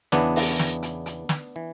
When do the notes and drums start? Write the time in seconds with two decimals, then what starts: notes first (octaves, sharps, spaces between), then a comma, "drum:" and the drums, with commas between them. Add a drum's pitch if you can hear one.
0.12 E2 C#3 E3 B3 D4, drum: snare
0.36 drum: open hi-hat
0.59 drum: snare
0.83 drum: hi-hat
1.06 drum: hi-hat
1.29 drum: snare
1.56 E3